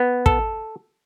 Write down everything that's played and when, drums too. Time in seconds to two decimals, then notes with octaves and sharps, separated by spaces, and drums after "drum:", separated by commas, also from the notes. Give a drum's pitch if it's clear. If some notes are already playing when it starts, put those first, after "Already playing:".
Already playing: B3
0.26 A4, drum: kick